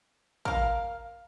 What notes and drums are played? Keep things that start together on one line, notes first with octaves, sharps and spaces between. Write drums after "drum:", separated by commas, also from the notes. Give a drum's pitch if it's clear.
A#4 F5, drum: kick